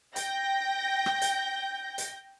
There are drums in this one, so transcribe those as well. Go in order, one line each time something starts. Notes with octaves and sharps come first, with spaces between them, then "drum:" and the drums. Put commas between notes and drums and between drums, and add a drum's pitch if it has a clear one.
G5 G6 A#6, drum: hi-hat
drum: rim click
drum: hi-hat
drum: hi-hat